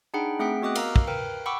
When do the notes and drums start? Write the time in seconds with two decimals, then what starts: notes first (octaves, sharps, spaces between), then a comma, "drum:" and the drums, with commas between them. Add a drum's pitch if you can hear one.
0.14 D4 D#4 G#4 F#5 G5 B5
0.39 A3 C4 G#4 F#5 G5 B6
0.62 B3 F#4 D#5 D6 D#6 F#6
0.76 A#4 F5 A#5 E6, drum: cymbal
0.96 drum: kick
1.07 A#4 B4 G5
1.46 F#5 G5 B5 C#6 D6 E6